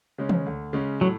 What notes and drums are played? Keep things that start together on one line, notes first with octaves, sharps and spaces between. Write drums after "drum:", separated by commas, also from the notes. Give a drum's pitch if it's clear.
C#3 G#3 C#4
drum: tom
D2
C#3 G#3 C#4
A2 F#3